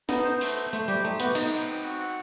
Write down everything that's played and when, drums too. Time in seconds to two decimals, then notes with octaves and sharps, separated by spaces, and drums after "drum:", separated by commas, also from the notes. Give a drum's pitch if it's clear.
0.09 B3 D#4, drum: snare
0.25 C5
0.41 A3, drum: open hi-hat
0.57 C5
0.73 A3 C5
0.88 G3 G4
1.04 A3 D#4
1.20 B3 F#4, drum: hi-hat
1.35 D#4 C5, drum: cymbal
1.52 B3
1.67 C4
1.83 F#4
1.99 F#5